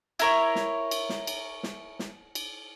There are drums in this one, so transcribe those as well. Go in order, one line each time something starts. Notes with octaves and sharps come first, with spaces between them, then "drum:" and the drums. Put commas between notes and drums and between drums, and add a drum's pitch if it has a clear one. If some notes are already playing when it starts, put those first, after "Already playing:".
E4 A#4 C#5, drum: cymbal
drum: snare
drum: cymbal
drum: snare
drum: cymbal
drum: snare
drum: snare
drum: cymbal